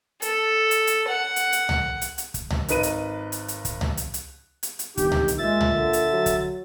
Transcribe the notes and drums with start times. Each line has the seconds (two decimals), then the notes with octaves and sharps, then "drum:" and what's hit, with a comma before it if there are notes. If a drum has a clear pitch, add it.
0.22 A4, drum: hi-hat
0.71 drum: hi-hat
0.87 drum: hi-hat
1.08 F#5
1.36 drum: hi-hat
1.53 drum: hi-hat
1.69 drum: tom C#2
2.01 drum: hi-hat
2.18 drum: hi-hat
2.34 drum: kick, hi-hat
2.50 drum: tom C#2
2.68 G#1 D#4 B4 D#7, drum: hi-hat
2.83 drum: hi-hat
3.32 drum: hi-hat
3.48 drum: hi-hat
3.65 drum: kick, hi-hat
3.81 drum: tom C#2
3.97 drum: hi-hat
4.14 drum: hi-hat
4.63 drum: hi-hat
4.79 drum: hi-hat
4.97 G1 D#3 G4, drum: kick, hi-hat
5.12 drum: tom C#2
5.28 drum: hi-hat
5.38 A#2 G#3 E5 A6
5.61 drum: tom C#2
5.72 D3
5.93 drum: hi-hat
6.13 F#3
6.26 drum: kick, hi-hat